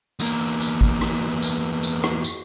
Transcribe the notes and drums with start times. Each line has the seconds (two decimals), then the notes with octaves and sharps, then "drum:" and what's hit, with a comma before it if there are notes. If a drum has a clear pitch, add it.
0.20 E2 A#3, drum: tambourine
0.60 drum: tambourine
0.81 drum: kick G#1
1.01 drum: rim click
1.42 drum: tambourine
1.83 drum: tambourine
2.04 drum: rim click
2.24 drum: tambourine